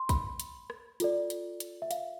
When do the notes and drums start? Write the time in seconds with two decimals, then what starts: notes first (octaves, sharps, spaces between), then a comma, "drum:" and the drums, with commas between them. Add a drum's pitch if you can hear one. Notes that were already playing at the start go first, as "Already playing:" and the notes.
Already playing: C6
0.09 B5, drum: kick, hi-hat
0.40 drum: hi-hat
0.70 drum: rim click
1.00 F4 A4 D5, drum: hi-hat
1.30 drum: hi-hat
1.60 drum: hi-hat
1.82 E5
1.91 F5, drum: hi-hat